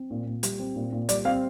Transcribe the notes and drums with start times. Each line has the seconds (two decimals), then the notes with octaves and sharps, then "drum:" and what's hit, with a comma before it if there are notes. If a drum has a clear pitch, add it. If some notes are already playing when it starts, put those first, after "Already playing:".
Already playing: C4
0.11 A#2
0.26 A#2
0.43 G3, drum: hi-hat
0.59 C4
0.76 A#2
0.92 A#2
1.09 G3 D5, drum: hi-hat
1.25 C4 F5